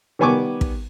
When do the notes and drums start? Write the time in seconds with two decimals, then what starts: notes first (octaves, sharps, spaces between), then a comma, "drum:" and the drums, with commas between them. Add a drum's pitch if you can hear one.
0.19 D#3 G3 B3 G#5 C#6 D6
0.61 drum: kick